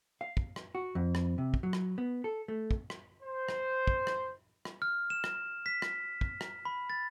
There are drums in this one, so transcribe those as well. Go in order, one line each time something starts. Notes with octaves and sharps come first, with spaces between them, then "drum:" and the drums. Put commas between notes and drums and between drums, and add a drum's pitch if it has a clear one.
F5
drum: kick
drum: rim click
F#4
F2
drum: rim click
C3
drum: kick
F#3
drum: rim click
B3
A4
A3
drum: kick
drum: rim click
C5
drum: rim click
drum: kick
drum: rim click
drum: rim click
F6
E7
drum: rim click
B6
drum: rim click
drum: kick
drum: rim click
B5
A6